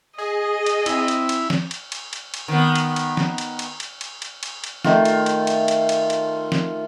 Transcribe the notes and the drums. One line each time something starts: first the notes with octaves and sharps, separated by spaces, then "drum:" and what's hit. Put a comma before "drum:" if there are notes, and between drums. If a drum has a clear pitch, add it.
G#4 D#5
drum: cymbal
C4 E4, drum: cymbal
drum: cymbal
drum: cymbal
drum: snare
drum: cymbal
drum: cymbal
drum: cymbal
drum: cymbal
D#3 B3
drum: cymbal
drum: cymbal
drum: snare
drum: cymbal
drum: cymbal
drum: cymbal
drum: cymbal
drum: cymbal
drum: cymbal
drum: cymbal
D#3 A3 F4, drum: snare
drum: cymbal
drum: cymbal
drum: cymbal
drum: cymbal
drum: cymbal
drum: cymbal
drum: snare